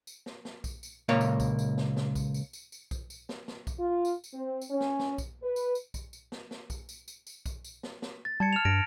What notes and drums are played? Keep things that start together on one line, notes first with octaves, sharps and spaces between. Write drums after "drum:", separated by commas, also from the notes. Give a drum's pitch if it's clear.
drum: tambourine
drum: snare
drum: snare
drum: kick B1, tambourine
drum: tambourine
C#2 A#2 A#3 C#5 F5
drum: tambourine
drum: kick B1, tambourine
drum: tambourine
drum: snare
drum: snare
drum: kick B1, tambourine
drum: tambourine
drum: tambourine
drum: tambourine
drum: kick B1, tambourine
drum: tambourine
drum: snare
drum: snare
drum: kick B1, tambourine
F4
drum: tambourine
drum: tambourine
C4
drum: tambourine
C#4
drum: snare
drum: snare
drum: kick B1, tambourine
B4
drum: tambourine
drum: tambourine
drum: kick B1, tambourine
drum: tambourine
drum: snare
drum: snare
drum: kick B1, tambourine
drum: tambourine
drum: tambourine
drum: tambourine
drum: kick B1, tambourine
drum: tambourine
drum: snare
drum: snare
A6
G3 A5 G#6 C#7
F6 E7 F7
G2 A#6 D7